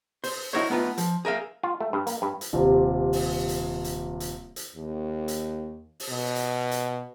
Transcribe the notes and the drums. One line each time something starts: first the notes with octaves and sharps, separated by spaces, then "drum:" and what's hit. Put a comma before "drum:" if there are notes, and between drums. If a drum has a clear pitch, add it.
C5, drum: open hi-hat
D#4 E4 F#4 A#4 C5 C#5
A3 B3 D#4 F4
F3, drum: hi-hat
G#4 A#4 E5 F5
F4
A3
G2
A#3, drum: hi-hat
G2
drum: hi-hat
D#1 C3
drum: open hi-hat
drum: hi-hat
drum: hi-hat
drum: hi-hat
drum: hi-hat
D#2
drum: hi-hat
drum: open hi-hat
B2
drum: hi-hat
drum: hi-hat